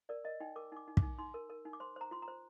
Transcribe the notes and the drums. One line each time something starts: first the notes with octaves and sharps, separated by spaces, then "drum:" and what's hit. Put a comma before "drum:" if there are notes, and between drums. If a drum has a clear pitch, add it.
A#4 D5
A#4 D#5
D#4 G5
A#4 D6
D#4 D6
D#4
D6, drum: kick
D#4
D#4 C6
A#4
A#4
D#4
D6
C5 C6
C5 A#5
F4 C6
A#5
C5